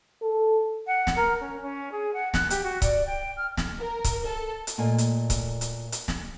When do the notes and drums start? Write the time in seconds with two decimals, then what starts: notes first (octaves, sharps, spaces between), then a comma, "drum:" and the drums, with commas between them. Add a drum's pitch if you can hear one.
0.22 A4
0.87 F#5
1.07 drum: snare
1.16 A#4
1.40 C#4
1.62 C#4
1.91 G#4
2.13 F#5
2.34 F#6, drum: snare
2.50 G4, drum: hi-hat
2.63 F#4
2.82 D5, drum: kick C#1, hi-hat
3.06 G5
3.37 F6
3.57 drum: snare
3.79 A#4
4.04 drum: kick C#1, hi-hat
4.25 A4
4.67 drum: hi-hat
4.78 A#2 A3 D#5 G#5
4.98 drum: hi-hat
5.30 drum: kick C#1, hi-hat
5.61 drum: hi-hat
5.92 drum: hi-hat
6.08 drum: snare